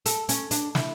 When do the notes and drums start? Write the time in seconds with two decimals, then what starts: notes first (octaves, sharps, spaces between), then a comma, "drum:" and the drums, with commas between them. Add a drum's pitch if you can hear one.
0.06 A4, drum: hi-hat
0.29 C#4, drum: hi-hat
0.51 D4, drum: hi-hat
0.75 E4, drum: snare